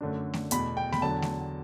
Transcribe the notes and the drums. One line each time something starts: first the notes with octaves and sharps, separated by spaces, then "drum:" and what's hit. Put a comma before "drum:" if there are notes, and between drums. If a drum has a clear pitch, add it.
F#2 D3 A3 D4
drum: snare A3
E2 B2 A3 B5, drum: hi-hat
G5
B5, drum: snare A3
E2 D3 F#3 A5
drum: snare A3